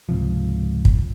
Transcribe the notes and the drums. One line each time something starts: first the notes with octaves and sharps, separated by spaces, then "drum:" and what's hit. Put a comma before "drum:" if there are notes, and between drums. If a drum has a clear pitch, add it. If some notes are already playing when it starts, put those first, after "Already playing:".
C#2 G#2 C3 F3
drum: kick